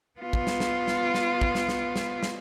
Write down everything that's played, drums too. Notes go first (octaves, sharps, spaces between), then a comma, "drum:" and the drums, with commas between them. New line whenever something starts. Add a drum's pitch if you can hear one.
B3 F4
drum: kick
drum: snare
drum: snare
drum: snare
drum: snare
drum: kick
drum: snare
drum: snare
drum: snare
drum: snare